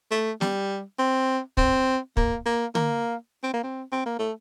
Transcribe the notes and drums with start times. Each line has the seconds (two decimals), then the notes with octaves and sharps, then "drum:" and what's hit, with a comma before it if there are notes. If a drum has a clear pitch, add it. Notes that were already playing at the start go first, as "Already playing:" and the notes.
0.11 A3
0.41 G3, drum: snare
0.99 C4
1.57 C4, drum: kick
2.17 A#3, drum: kick
2.46 A#3
2.75 A#3, drum: tom D3
3.44 C4
3.54 A#3
3.63 C4
3.92 C4
4.06 A#3
4.19 A3